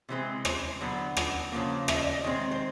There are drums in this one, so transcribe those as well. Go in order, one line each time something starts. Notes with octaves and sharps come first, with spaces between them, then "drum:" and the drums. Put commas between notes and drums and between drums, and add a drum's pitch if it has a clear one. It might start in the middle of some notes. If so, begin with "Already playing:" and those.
C3 E3 G#3 C4
C5, drum: rim click
D3 F#3 B3
drum: rim click
C#3 F3 A#3
E5, drum: rim click
D#5
D5
D#5
D#3 G#3 C4
C5